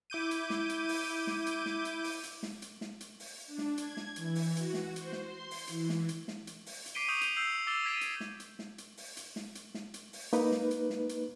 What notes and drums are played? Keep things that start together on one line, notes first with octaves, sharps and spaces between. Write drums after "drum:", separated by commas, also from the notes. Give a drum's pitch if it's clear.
E4 D6 G6 D#7
drum: hi-hat
drum: snare
drum: hi-hat
drum: open hi-hat
drum: snare
drum: hi-hat
drum: snare
drum: hi-hat
drum: open hi-hat
drum: hi-hat
drum: snare
drum: hi-hat
drum: snare
drum: hi-hat
drum: open hi-hat
D4
drum: snare
G#6, drum: hi-hat
drum: snare
E3, drum: hi-hat
drum: open hi-hat
F#4, drum: hi-hat
drum: snare
C5, drum: hi-hat
drum: snare
C6
drum: open hi-hat
E3, drum: hi-hat
drum: snare
drum: hi-hat
drum: snare
drum: hi-hat
drum: open hi-hat
drum: hi-hat
D6 B6 C7 D7 D#7 G7
C#6 D#6 G6 D#7 F7 F#7
G6 F7 G7, drum: hi-hat
E6 G6 C7 F#7
D6 E6 A6 C7 E7 G7
G#6 B6 C7 D7 D#7
drum: hi-hat
drum: snare
drum: hi-hat
drum: snare
drum: hi-hat
drum: open hi-hat
drum: hi-hat
drum: snare
drum: hi-hat
drum: snare
drum: hi-hat
drum: open hi-hat
A#3 D#4 B4, drum: hi-hat
drum: snare
drum: hi-hat
drum: snare
drum: hi-hat